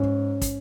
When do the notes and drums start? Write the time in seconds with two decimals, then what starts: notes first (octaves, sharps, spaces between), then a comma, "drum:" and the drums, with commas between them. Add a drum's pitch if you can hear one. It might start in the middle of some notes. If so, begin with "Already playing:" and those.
Already playing: G#2 C#4
0.41 drum: kick, hi-hat